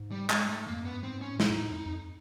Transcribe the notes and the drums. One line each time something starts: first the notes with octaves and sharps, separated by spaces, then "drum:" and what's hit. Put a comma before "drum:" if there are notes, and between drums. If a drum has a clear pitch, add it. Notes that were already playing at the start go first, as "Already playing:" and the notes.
Already playing: G#2
G3
G#3, drum: clap
A3
F2 A#3
F#2 B3
G2
G#2 C4
C#4
A2
D#4, drum: snare
G#2
A2
F2
F2